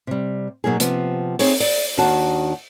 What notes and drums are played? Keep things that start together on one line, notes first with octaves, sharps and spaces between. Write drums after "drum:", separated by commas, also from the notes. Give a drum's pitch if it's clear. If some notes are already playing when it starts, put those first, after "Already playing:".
C3 G3
B2 F#3 A#3 D#4 G#4
C3 F3 B3, drum: hi-hat
C4 D#4 G#4 C#5, drum: open hi-hat
D5, drum: open hi-hat
D#2 D#3 D4 F#4 A5